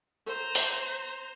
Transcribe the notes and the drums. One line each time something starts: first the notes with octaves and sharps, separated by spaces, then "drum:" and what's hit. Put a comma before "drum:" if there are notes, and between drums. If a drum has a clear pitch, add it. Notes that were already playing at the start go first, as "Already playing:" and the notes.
C5 A#5
drum: open hi-hat